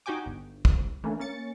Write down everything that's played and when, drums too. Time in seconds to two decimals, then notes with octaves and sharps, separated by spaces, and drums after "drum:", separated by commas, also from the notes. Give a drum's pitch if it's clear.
0.06 D#4 F#4 G4 G5 G#5 D6
0.26 G1
0.65 C2, drum: kick
1.04 E3 A3 A#3 C#4 D4
1.20 A#3 C#4 A6 C#7